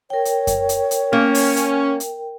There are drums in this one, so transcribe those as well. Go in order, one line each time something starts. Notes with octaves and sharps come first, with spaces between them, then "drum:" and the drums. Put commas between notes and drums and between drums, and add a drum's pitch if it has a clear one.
A#4 C#5 G5
drum: hi-hat
drum: kick F#2, hi-hat
drum: hi-hat
drum: hi-hat
A#3 C#4
drum: open hi-hat
drum: hi-hat
drum: hi-hat